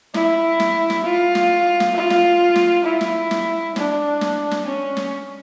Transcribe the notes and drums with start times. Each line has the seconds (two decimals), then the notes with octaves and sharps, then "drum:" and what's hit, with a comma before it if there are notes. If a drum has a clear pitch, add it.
0.14 E4, drum: snare
0.60 drum: snare
0.90 drum: snare
1.05 F4
1.35 drum: snare
1.80 drum: snare
1.95 F4
2.10 drum: snare
2.56 drum: snare
2.85 E4
3.01 drum: snare
3.31 drum: snare
3.76 D4, drum: snare
4.21 drum: snare
4.51 drum: snare
4.66 C#4
4.97 drum: snare